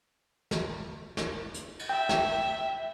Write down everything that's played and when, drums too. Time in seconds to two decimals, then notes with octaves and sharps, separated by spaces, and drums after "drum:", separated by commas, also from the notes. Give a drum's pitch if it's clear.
0.51 drum: snare
1.17 drum: snare
1.54 drum: hi-hat
1.79 drum: cymbal
1.89 E5 G5
2.09 drum: snare